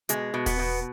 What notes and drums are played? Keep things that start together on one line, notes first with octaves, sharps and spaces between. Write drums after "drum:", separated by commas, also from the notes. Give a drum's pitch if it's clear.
B2 G#3, drum: hi-hat
B2
B3, drum: kick D#1, open hi-hat
B2